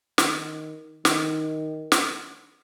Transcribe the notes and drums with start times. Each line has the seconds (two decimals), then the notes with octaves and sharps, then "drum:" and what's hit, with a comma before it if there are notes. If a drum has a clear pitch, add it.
0.18 D#3, drum: snare
1.05 D#3, drum: snare
1.92 drum: snare